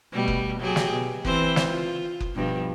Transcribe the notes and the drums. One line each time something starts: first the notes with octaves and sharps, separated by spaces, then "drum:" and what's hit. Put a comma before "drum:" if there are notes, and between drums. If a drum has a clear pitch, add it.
B2 G3 A3
drum: kick F#1
F#3 G4 G#4
drum: snare
B2
E3 C4 C5, drum: kick F#1
drum: snare
F4
drum: kick F#1
G2 B2 F3